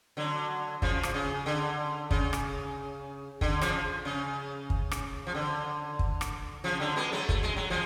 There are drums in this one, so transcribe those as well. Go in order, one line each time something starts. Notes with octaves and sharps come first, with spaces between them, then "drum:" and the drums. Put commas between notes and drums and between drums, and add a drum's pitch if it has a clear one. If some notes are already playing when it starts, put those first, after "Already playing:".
D3 F#3
C#3 F3, drum: kick
drum: rim click
C#3
D3
C#3, drum: kick
drum: rim click
D3, drum: kick
C#3 F3, drum: rim click
C#3
drum: kick
drum: rim click
F3
D3
drum: kick
drum: rim click
C#3 F3
D3 F#3
G#3 B3
F#3 A3
A3, drum: kick
G#3
F#3
F3 G#3